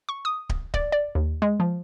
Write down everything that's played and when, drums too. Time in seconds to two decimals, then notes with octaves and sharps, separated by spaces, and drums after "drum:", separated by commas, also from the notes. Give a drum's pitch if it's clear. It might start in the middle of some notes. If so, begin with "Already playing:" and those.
0.09 C#6
0.25 D#6
0.49 drum: kick D1
0.74 D5, drum: kick D1
0.92 D5
1.15 D#2
1.42 G#3
1.60 F3